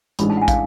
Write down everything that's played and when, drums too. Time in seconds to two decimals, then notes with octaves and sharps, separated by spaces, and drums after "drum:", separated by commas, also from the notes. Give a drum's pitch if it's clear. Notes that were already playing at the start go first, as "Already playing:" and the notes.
0.19 A1 G#2 G#3 D4 B5, drum: hi-hat
0.30 A5
0.37 F#5
0.42 G#5
0.48 F5, drum: kick, hi-hat